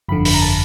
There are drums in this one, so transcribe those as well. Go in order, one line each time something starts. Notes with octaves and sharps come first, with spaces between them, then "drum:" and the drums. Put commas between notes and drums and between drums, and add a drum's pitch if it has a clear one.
G1 F2 D3 B5
B5, drum: open hi-hat
A#5
A5